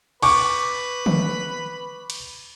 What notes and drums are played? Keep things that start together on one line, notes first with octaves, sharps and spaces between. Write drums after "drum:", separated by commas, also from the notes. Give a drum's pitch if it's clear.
B4 C#6 D6, drum: cymbal
drum: tom D3
drum: cymbal